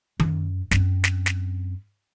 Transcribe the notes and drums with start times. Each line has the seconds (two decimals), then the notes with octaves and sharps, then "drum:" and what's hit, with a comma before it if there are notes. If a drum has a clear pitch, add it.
0.20 F#2, drum: tom D#3
0.71 F#2 C4, drum: snare
1.04 drum: snare
1.26 drum: snare